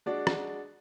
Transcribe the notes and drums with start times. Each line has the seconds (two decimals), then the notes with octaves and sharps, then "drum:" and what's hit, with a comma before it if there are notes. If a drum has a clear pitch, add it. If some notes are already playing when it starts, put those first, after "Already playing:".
0.06 G#3 D4 F#4 D5
0.27 drum: rim click